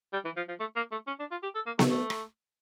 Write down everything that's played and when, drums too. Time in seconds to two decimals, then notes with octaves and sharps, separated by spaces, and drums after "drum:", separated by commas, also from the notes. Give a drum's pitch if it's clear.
0.13 G3
0.25 E3
0.37 F3
0.49 F3
0.60 A3
0.76 A#3
0.92 A3
1.07 C#4
1.20 D4
1.31 F4
1.43 G4
1.55 A4
1.67 A#3
1.79 A3, drum: snare B3
1.90 A3
2.10 drum: rim click